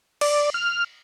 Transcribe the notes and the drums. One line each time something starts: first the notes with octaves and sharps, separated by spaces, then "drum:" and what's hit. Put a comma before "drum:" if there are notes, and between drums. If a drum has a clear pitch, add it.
D5, drum: cymbal
F6